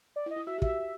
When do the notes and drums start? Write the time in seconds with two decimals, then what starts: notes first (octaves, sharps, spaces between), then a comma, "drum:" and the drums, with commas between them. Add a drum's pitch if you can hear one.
0.16 D5
0.26 E4
0.31 D#5
0.36 E4
0.47 F#4 E5
0.58 G4
0.62 F#4 E5, drum: kick